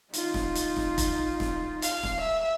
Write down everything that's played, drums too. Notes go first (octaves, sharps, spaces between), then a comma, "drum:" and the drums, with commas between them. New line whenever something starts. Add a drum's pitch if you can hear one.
D#4 F4, drum: hi-hat
drum: snare
drum: hi-hat
drum: snare
drum: kick F1, hi-hat
drum: snare
F5, drum: hi-hat
drum: snare
E5